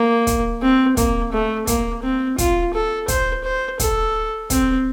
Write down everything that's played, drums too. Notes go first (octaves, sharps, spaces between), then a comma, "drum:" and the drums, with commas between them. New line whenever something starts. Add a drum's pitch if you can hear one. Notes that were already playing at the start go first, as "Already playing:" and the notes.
Already playing: A#3
drum: kick, hi-hat
C4
A#3, drum: kick, hi-hat
A3
A#3, drum: kick, hi-hat
C4
F4, drum: kick, hi-hat
A4
C5, drum: kick, hi-hat
C5
A4, drum: kick, hi-hat
C4, drum: kick, hi-hat